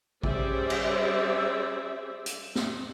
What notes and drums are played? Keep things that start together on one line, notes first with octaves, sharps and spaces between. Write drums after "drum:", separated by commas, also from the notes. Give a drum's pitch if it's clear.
G3 C#4 G#4 C5 D5 E5, drum: kick A1
drum: cymbal
drum: hi-hat
drum: snare